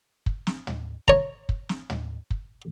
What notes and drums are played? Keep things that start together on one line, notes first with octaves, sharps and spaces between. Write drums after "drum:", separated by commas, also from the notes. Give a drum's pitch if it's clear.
drum: kick
drum: snare
drum: tom
C#5 A#5, drum: kick
drum: kick
drum: snare
drum: tom
drum: kick